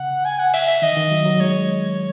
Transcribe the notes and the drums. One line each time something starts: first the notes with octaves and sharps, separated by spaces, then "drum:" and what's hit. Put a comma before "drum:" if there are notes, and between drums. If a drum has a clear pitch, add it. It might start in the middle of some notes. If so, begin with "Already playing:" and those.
Already playing: C#3 F#5
G#5
F#5
E5, drum: cymbal
E5
D#3 D#5
D#3
F#3
F#3
G#3 C#5